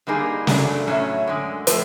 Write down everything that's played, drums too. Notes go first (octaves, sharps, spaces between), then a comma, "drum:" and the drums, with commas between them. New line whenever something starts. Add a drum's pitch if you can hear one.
D3 G3 A#3 D#4 G#4
F#2 C#3 F#3 A3 D4, drum: snare
A2 F#3 A3 C#4 E4
F#2 D3 G#3
A2 F3 A3, drum: hi-hat